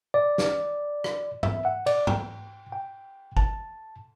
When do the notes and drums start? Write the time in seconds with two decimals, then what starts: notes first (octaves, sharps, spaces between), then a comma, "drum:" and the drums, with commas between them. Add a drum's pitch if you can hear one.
0.14 D5
0.38 drum: snare
1.04 drum: rim click
1.43 E5, drum: tom G#2
1.65 F#5
1.86 D5, drum: cymbal
2.07 G5, drum: tom G#2
2.72 G5
3.37 A5, drum: kick